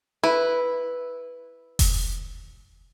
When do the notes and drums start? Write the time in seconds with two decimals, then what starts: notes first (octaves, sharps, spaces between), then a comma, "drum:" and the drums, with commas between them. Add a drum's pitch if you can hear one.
0.24 E4 B4
1.79 drum: kick F1, open hi-hat